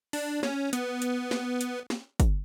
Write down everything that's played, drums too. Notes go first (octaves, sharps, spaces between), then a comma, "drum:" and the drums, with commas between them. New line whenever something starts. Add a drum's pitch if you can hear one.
D4, drum: open hi-hat
C#4, drum: snare
B3, drum: hi-hat
drum: hi-hat
drum: snare
drum: hi-hat
drum: snare
drum: kick, hi-hat